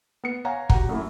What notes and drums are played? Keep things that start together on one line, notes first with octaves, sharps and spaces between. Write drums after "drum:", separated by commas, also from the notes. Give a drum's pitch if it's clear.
B3 C#7
C#5 F5 F#5 G#5 A#5
F#4 G4 F#5 A#5, drum: kick
F#2 A3 A#3 E4